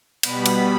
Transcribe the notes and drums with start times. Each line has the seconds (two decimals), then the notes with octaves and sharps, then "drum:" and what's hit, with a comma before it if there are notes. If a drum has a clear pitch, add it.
0.23 B2 G3 B3 B5, drum: cymbal
0.46 drum: cymbal